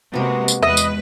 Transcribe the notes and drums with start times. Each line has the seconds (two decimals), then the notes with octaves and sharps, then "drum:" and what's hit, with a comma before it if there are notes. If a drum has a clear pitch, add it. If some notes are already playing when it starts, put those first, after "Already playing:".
0.14 C3 G#3 A#3 B3 F#4
0.48 drum: tambourine
0.63 E2 G#3 B4 D#5 E5
0.77 drum: tambourine